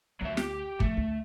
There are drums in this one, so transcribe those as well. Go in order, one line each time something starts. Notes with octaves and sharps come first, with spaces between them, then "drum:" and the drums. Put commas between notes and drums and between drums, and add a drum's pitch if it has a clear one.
D2 F#3 E5
G4, drum: snare
F3 A3, drum: kick
D2